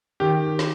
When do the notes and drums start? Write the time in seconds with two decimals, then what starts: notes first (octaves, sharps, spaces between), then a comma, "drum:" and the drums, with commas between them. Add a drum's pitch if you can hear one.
0.20 D#3 G4
0.59 drum: snare